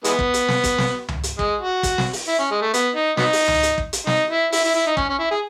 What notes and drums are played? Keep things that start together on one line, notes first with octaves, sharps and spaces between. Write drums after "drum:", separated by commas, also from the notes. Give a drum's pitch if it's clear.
E3 G#3 B3, drum: hi-hat
drum: kick
drum: hi-hat
drum: snare
drum: kick, hi-hat
drum: snare
drum: tom C#2
drum: hi-hat
G#3, drum: kick
F#4
drum: kick, hi-hat
drum: snare
drum: open hi-hat
E4
C#4
G#3
A3
B3, drum: hi-hat
D#4
F#3 B3 D#4, drum: snare
drum: open hi-hat
drum: tom C#2
drum: hi-hat
drum: kick
drum: hi-hat
D#4, drum: snare
E4
E4, drum: open hi-hat
E4
E4
D#4
C#4, drum: kick
C#4
E4
G#4